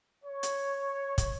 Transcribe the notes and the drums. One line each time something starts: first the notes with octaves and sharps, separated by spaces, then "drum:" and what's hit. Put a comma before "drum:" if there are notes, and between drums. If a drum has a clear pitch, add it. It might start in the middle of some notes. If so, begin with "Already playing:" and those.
C#5
drum: hi-hat
drum: kick, hi-hat